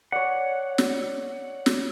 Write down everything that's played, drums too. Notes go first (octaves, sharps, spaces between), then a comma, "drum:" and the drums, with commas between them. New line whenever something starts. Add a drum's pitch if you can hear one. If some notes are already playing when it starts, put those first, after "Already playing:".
C#5 D5 F#5
drum: snare
drum: snare